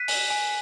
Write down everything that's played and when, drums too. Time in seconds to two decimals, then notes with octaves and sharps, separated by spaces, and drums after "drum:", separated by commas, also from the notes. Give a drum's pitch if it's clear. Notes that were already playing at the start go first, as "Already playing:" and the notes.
Already playing: F#6 B6 D#7
0.08 G#5, drum: open hi-hat
0.30 G#5